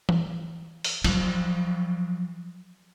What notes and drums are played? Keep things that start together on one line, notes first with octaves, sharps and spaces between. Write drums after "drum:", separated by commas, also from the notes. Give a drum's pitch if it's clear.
drum: tom E3
drum: open hi-hat
F3 F#3, drum: cymbal